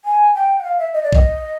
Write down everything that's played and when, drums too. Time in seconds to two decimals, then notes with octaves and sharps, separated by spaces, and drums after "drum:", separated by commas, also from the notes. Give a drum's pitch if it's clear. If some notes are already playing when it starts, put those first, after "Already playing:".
0.05 G#5
0.34 G5
0.59 F#5
0.64 F5
0.78 E5
0.93 D#5
1.03 D5
1.13 D#5, drum: kick A#1